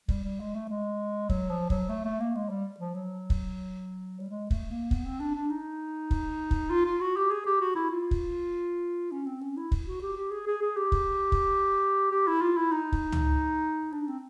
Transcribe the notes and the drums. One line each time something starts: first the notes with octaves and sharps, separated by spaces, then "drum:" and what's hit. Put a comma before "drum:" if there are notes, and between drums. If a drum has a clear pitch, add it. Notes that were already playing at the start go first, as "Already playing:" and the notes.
G3, drum: kick
G3
G#3
A3
G#3
F#3, drum: kick
F3
F#3, drum: kick
A3
A3
A#3
G#3
G3
F3
F#3
drum: kick
G3
G#3
A3, drum: kick
A#3
B3, drum: kick
C4
D4
D4
D#4
drum: kick
drum: kick
F4
F4
F#4
G4
G#4
G4
F#4
E4
F4
drum: kick
C#4
C4
C#4
E4
drum: kick
F#4
G4
G4
G#4
G#4
G#4
G4
drum: kick
drum: kick
G4
E4
F4
E4
D#4
drum: kick
drum: tom C#2
D4
C4